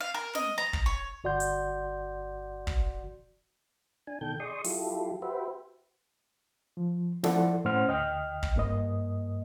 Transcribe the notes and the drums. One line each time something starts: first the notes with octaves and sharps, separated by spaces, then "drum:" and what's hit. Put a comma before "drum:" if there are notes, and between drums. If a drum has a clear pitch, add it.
F5
A#4
D#5, drum: snare
A#5
drum: kick
C#5
G1 F#4 D5 F#5 C6 G6
drum: hi-hat
drum: kick
D4 G#5
B2 D#3 A4 G5 G6
G#4 D5 D#5 C6 C#6 D#6
F#3 E4 F4 G4 A4, drum: open hi-hat
F#4 G4 B4 C5 E5
F3
F3 E4 A4 D5 F#5, drum: snare
A2 C#4 C5 F#5 F6
D2 D#5 G5 F6
drum: kick
G2 A#3 D#5